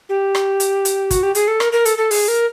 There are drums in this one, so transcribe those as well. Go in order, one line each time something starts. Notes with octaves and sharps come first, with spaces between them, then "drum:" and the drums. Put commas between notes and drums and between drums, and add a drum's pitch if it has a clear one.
G4
drum: rim click
drum: hi-hat
drum: hi-hat
F#4, drum: kick, hi-hat
G4
G#4, drum: hi-hat
A4
A#4, drum: rim click
A#4
A4, drum: hi-hat
A4
G#4, drum: open hi-hat
A#4